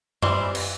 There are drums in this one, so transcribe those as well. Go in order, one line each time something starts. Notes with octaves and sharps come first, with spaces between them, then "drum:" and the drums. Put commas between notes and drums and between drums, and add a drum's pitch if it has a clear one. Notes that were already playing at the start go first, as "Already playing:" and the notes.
E3 G3 C4, drum: tom F#2
drum: cymbal